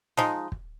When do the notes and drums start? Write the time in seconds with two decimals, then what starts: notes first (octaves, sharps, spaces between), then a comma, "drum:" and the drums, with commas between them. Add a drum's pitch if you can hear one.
0.17 F3 G#3 D#4, drum: snare
0.52 drum: kick